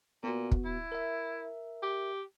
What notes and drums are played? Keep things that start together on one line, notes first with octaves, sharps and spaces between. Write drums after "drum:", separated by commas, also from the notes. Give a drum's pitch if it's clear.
A#2 B3 F#4
drum: kick
E4
A#4 E5
G4